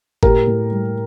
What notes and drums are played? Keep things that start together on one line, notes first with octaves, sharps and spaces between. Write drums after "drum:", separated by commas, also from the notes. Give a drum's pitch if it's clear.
A2 G4 A#4, drum: kick G1
A2
G3